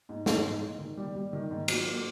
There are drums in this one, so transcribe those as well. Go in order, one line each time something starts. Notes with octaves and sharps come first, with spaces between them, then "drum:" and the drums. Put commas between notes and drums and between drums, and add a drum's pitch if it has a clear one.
G#2
G#2, drum: snare
G#2
G#2
D#3
G3
G3
D#3
G#2
F#3, drum: cymbal
A#3